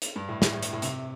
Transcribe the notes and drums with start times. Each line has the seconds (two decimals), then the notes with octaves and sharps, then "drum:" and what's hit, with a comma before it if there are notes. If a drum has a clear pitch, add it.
0.02 drum: hi-hat
0.16 G2
0.29 A2
0.42 A2, drum: snare
0.53 A2
0.63 drum: hi-hat
0.73 A2
0.82 C3, drum: hi-hat